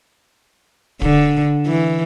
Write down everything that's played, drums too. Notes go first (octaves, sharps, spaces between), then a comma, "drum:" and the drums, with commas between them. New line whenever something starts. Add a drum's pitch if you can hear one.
D3, drum: kick D1
E3